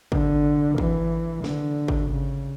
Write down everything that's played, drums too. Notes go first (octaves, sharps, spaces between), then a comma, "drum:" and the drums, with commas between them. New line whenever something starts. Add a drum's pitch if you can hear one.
D3, drum: kick G#1
E3, drum: kick G#1
D3, drum: snare
drum: kick G#1
C#3